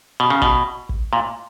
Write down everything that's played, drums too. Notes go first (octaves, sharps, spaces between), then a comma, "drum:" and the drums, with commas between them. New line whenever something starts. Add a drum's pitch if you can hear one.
B2
C#3
B2, drum: kick
drum: kick
A#2